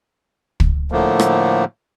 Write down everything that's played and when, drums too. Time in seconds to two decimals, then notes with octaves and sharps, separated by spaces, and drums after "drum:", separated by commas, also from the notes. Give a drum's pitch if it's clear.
0.60 drum: kick
0.92 A2 D3 F3 A3 A#3
1.19 drum: rim click